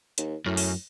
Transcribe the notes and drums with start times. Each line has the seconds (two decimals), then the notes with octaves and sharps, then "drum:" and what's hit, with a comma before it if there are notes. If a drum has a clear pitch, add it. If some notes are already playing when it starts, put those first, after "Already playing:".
0.18 D#2, drum: hi-hat
0.46 F#2 A2
0.57 drum: open hi-hat